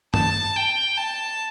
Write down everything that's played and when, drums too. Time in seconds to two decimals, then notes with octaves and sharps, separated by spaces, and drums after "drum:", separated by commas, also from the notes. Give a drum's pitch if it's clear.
0.14 A5, drum: tom
0.56 G5
0.98 A5